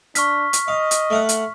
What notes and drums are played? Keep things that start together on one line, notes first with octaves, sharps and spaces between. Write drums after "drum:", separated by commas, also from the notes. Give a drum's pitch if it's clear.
D4 C#6 F6 B6, drum: hi-hat
drum: hi-hat
D#5 F5
drum: hi-hat
A3 F5 F#5
drum: hi-hat